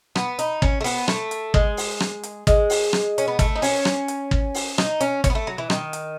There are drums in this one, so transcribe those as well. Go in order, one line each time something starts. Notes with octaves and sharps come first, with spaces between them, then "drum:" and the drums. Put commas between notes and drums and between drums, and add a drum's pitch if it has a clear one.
B3, drum: rim click
D#4, drum: hi-hat
C#4, drum: kick
A3
B3, drum: open hi-hat
A3, drum: rim click
drum: hi-hat
G#3, drum: kick
drum: open hi-hat
drum: rim click
drum: hi-hat
G#3, drum: kick, hi-hat
drum: open hi-hat
drum: rim click
C#4, drum: hi-hat
B3
A3, drum: kick, hi-hat
D#4
C#4, drum: open hi-hat
drum: rim click
drum: hi-hat
drum: kick
drum: open hi-hat
D#4, drum: rim click
C#4, drum: hi-hat
C#4, drum: kick, hi-hat
B3
A3
F#3
E3
D#3, drum: rim click
drum: hi-hat